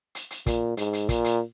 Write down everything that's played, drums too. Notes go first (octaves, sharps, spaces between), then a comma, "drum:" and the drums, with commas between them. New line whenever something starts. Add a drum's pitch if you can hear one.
drum: hi-hat
drum: hi-hat
A#2, drum: kick, hi-hat
G#2, drum: hi-hat
drum: hi-hat
A#2, drum: kick, hi-hat
drum: hi-hat